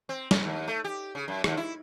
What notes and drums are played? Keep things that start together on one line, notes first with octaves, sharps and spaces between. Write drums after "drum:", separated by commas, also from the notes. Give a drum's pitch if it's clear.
C4
C#4, drum: snare
D#2
A3
G4
C#3
F#2
D#2, drum: rim click
E4